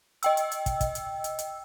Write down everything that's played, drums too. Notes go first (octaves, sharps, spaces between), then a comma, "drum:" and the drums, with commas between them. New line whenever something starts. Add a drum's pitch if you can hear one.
D#5 G5 E6, drum: hi-hat
drum: hi-hat
drum: hi-hat
drum: kick, hi-hat
drum: kick, hi-hat
drum: hi-hat
drum: hi-hat
drum: hi-hat